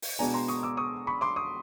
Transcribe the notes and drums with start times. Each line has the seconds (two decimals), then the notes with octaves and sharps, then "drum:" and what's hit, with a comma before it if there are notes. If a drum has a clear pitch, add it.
0.02 drum: open hi-hat
0.19 B2 G#3 B3 D4 G#5 A#5
0.34 A#5 C6
0.48 C#6 D#6, drum: hi-hat
0.63 D6 E6
0.77 C#6 D#6
1.07 B5 C#6
1.21 C6 D6
1.36 C#6 D#6